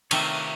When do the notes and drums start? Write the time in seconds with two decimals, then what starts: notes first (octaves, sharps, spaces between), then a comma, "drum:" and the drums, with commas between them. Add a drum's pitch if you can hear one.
0.11 C3 D#3 A3 C4 C#5 F5, drum: cymbal